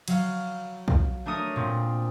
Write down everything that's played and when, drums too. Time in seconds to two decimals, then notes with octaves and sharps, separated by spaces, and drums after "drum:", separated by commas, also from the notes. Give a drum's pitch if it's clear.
0.08 F#3 F5, drum: cymbal
0.88 drum: kick
1.26 A3 D4 A#4 C#5 D#6 D#7
1.56 A#2 C4